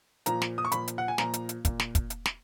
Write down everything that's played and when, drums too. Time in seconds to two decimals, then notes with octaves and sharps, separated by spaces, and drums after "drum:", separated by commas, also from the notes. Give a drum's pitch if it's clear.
0.26 A#2 F3 A#5, drum: hi-hat
0.42 drum: snare
0.58 D#6
0.65 C#6
0.72 A#2 F3 B5, drum: hi-hat
0.88 drum: hi-hat
0.98 F#5
1.08 G#5
1.18 A#2 F3 A#5, drum: snare
1.34 drum: hi-hat
1.49 drum: hi-hat
1.65 A#2, drum: kick, hi-hat
1.80 drum: snare
1.95 drum: kick, hi-hat
2.10 drum: hi-hat
2.26 drum: snare